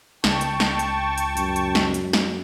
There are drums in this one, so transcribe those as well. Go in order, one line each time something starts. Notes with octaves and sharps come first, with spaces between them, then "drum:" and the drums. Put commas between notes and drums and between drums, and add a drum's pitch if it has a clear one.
C#2 G5 A5 C#6, drum: snare
drum: hi-hat
drum: snare
drum: hi-hat
drum: hi-hat
F#2, drum: hi-hat
drum: hi-hat
drum: snare
drum: hi-hat
drum: snare